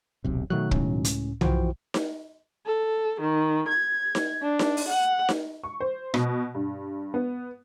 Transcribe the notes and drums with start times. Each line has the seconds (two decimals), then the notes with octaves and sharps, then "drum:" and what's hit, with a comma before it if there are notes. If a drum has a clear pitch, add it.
0.24 D#1 B1 C3
0.50 B2 D#3 F#3 A3 F#4 F#6
0.71 C#2 A2 C#4, drum: kick
1.04 drum: hi-hat
1.41 E3 F3 F#4 C5 G5, drum: tom
1.94 drum: snare D#4
2.66 A4
3.20 D#3
3.68 G#6
4.15 drum: snare D#4
4.42 D4
4.59 drum: snare D#4
4.77 drum: open hi-hat
4.88 F#5
5.29 drum: snare D#4
5.63 C#6
5.80 C5
6.14 B2, drum: rim click
6.55 G2
7.14 B3